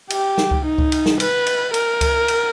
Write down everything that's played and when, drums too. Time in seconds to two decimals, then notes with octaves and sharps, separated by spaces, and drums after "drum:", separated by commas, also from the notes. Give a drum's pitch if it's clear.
0.10 G4, drum: cymbal
0.38 drum: snare
0.51 drum: kick C#2
0.65 D#4
0.78 drum: kick C#2
0.92 drum: cymbal
1.06 drum: snare
1.20 B4, drum: cymbal
1.47 drum: cymbal
1.74 A#4, drum: cymbal
2.01 drum: kick C#2, cymbal
2.28 drum: cymbal